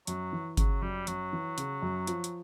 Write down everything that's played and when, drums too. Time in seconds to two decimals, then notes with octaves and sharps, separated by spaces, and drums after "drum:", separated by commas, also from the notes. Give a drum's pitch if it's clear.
0.07 F#2 F#3, drum: hi-hat
0.33 E3
0.57 C#3 F#3, drum: kick G1, hi-hat
0.82 F#2 G3
1.07 F#2 F#3, drum: hi-hat
1.33 E3
1.58 C#3, drum: hi-hat
1.82 F#2
2.07 F3, drum: hi-hat
2.24 drum: hi-hat